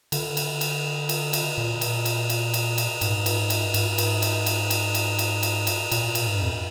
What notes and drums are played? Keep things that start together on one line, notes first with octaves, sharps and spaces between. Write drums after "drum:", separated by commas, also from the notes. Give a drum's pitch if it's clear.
D3, drum: cymbal
drum: cymbal
drum: cymbal
drum: cymbal
drum: cymbal
A#2
drum: cymbal
drum: cymbal
drum: cymbal
drum: cymbal
drum: cymbal
G#2, drum: cymbal
drum: cymbal
drum: cymbal
G#2, drum: cymbal
drum: cymbal
drum: cymbal
drum: cymbal
drum: cymbal
drum: cymbal
drum: cymbal
drum: cymbal
drum: cymbal
A#2, drum: cymbal
drum: cymbal
G#2
G2
F2